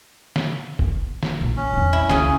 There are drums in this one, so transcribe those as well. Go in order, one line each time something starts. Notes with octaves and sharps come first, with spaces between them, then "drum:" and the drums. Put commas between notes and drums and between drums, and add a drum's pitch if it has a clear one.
drum: snare
drum: kick F#1
drum: snare
A#1
C#4
E2 C4
E4
C#2 C#3 G#4, drum: snare